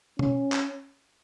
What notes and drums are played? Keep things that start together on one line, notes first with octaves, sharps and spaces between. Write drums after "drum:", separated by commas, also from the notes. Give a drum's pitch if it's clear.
C#4, drum: tom
drum: clap